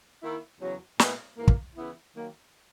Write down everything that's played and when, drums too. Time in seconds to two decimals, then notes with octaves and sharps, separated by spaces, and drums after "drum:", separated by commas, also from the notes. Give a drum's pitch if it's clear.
0.23 D#3 A#3 E4
0.61 E2 C#3 F#3
0.99 A#2 G#3 B3 E4, drum: snare
1.37 G#2 E3 A#3
1.48 drum: kick
1.76 C#3 E3 B3 E4
2.16 D#3 F#3 A#3